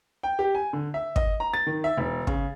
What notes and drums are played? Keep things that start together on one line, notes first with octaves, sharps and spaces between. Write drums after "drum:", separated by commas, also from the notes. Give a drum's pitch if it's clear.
G5
G4
G#5
D3
E5
D#5, drum: kick
A#5
A6
D#3
E5
E1
C#3, drum: kick